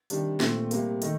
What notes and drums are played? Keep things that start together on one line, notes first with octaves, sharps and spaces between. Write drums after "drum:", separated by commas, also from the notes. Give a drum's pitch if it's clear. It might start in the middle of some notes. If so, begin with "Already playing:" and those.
C3 D#3 G3 D4, drum: hi-hat
A#2 A3 C4, drum: snare
C3 G3 A#3, drum: hi-hat
D#3 A3 D#4, drum: hi-hat